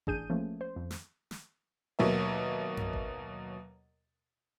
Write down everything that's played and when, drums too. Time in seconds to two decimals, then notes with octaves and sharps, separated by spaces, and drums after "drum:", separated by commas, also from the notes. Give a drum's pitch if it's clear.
0.07 A1 D4 G#4 G6 D#7, drum: kick G#1
0.30 F3 A3 A#3 C#4
0.61 C5
0.76 F2
0.91 drum: snare
1.31 drum: snare
1.99 D#2 B2 F#3 A#3 E5
2.77 drum: tom F#2
2.93 drum: kick G#1